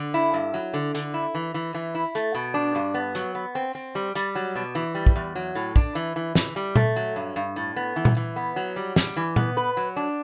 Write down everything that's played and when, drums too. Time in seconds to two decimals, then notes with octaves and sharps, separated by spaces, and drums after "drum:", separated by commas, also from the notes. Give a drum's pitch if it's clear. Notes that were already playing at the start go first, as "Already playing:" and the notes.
Already playing: D3
0.14 E4
0.33 G2
0.54 F#3
0.74 D3
0.95 D3, drum: hi-hat
1.14 E4
1.35 E3
1.54 E3
1.74 E3
1.95 E4
2.15 A3, drum: hi-hat
2.35 B2
2.54 D4
2.75 G2
2.94 B3
3.15 F#3, drum: hi-hat
3.35 B3
3.55 C4
3.75 C4
3.95 G3
4.15 G3, drum: hi-hat
4.35 F#3
4.55 B2
4.75 E3
4.95 G3
5.06 drum: kick
5.16 E2
5.35 F#3
5.55 A2
5.76 D4, drum: kick
5.95 E3
6.16 E3
6.35 E3, drum: snare
6.56 G3
6.76 A3, drum: tom A#2
6.96 F#3
7.16 G2
7.36 G2
7.56 A2
7.76 B3
7.96 E3
8.05 drum: tom A#2
8.17 E3
8.36 B3
8.56 F#3
8.76 G3
8.96 G3, drum: snare
9.16 E3
9.36 B3, drum: tom A#2
9.57 B4
9.77 F#3
9.96 D4